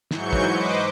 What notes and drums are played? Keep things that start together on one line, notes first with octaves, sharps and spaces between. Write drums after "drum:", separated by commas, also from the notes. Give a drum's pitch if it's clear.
G#2 E3 F#3 C#6 G6 C#7, drum: snare
drum: kick
B4 C5 D#5 D6